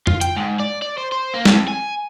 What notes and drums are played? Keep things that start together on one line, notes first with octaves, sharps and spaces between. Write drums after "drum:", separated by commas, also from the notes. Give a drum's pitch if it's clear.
F4, drum: tom F2
G5, drum: hi-hat
G#2
D5
D5
C5
C5
A#3
F2, drum: snare
G#5